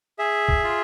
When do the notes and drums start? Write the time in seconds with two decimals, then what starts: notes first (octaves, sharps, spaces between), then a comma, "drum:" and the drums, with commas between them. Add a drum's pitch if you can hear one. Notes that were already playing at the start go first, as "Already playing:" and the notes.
0.19 G#4 E5
0.49 drum: kick
0.64 F4